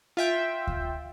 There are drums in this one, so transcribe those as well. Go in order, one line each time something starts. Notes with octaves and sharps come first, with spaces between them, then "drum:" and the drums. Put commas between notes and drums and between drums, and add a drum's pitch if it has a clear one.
F4 E5 G5
drum: kick D2